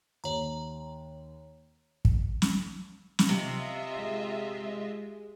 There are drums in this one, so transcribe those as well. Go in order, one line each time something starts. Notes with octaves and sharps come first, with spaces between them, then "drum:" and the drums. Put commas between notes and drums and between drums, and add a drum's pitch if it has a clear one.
D#2 C#5 A#5
drum: kick
drum: snare
drum: snare
C3 F4 D#5 E5
G#3